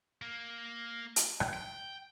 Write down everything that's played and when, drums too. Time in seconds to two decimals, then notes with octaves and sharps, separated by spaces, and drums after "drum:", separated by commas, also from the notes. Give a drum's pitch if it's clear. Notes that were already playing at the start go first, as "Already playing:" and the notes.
0.22 A#3
1.16 drum: hi-hat
1.40 drum: rim click
1.54 G5